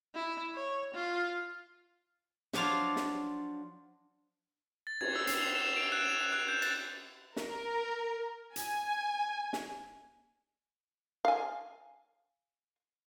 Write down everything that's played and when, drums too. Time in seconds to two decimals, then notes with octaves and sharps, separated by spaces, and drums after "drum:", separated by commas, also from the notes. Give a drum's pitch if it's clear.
0.15 E4
0.55 C#5
0.94 F4
2.53 F3 F#3 D4 F4 F5, drum: snare
2.96 drum: snare
4.87 A6
5.01 G#6, drum: cymbal
5.16 E6
5.27 C7, drum: hi-hat
5.42 F7
5.55 E7
5.76 D7
5.92 F#6
6.06 F7
6.33 F#6
6.48 G6
6.62 A6, drum: cymbal
7.36 A#4, drum: snare
8.56 G#5, drum: hi-hat
9.53 drum: snare
11.25 F5 G#5